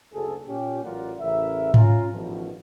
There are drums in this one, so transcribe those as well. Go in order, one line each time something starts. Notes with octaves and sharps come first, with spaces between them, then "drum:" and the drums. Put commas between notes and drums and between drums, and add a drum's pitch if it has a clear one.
F#1 D2 C#3 F#3 G#4 A4
A#2 C#4 G4
A1 F#3 F4 A#4 D5 F#5
A1 C#3 E4 A#4 E5
C#4 F4 F5 A#5, drum: tom G#2
A1 G2 B2 D#3 F3